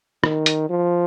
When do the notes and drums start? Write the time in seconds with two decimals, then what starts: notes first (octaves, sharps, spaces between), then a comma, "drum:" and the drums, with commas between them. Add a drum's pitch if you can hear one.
0.24 D#3, drum: rim click
0.46 drum: hi-hat
0.70 F3